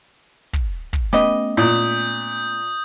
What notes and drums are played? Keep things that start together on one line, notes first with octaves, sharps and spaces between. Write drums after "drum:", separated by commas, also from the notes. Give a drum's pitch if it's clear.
drum: kick
drum: kick
A3 B3 C#4 G4 B4 D#5
A#2 D#6 G6